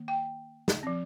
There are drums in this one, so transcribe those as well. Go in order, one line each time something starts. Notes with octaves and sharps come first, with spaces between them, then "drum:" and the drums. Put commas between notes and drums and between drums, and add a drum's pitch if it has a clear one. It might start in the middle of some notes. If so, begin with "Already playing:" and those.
Already playing: D#3 A#3
G5
drum: snare
F3 C4